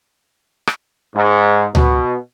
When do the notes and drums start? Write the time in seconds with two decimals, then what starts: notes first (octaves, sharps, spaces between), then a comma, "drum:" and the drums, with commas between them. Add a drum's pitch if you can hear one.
0.67 drum: rim click
1.16 G#2
1.75 B2, drum: tom C#2